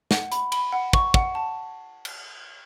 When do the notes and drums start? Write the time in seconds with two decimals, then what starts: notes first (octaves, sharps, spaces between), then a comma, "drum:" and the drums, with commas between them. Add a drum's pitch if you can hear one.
0.11 F#5, drum: snare
0.32 B5, drum: hi-hat
0.52 B5, drum: cymbal
0.72 F#5
0.93 C#6, drum: kick
1.14 F#5, drum: kick
1.35 A5
2.05 drum: cymbal